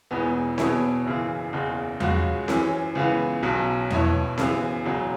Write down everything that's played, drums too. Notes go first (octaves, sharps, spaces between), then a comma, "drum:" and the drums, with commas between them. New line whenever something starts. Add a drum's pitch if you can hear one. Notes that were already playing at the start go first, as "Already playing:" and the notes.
E1 E2 E3 B3
E2 B2 B3 E4 C#5, drum: snare C4
F#1 F#2 C#3 E3
F#1 E2 C#3
C#2 C#3 G#3 C#4 F#4, drum: tom E2
F#2 E3 C#4, drum: snare C4
C#2 C#3 E3 B3
B1 B2 F#3 C#4
B1 B2 B3 E4 C#5, drum: tom E2
F#2 C#3 E3 B3, drum: snare C4
E1 E2 C#3 F#3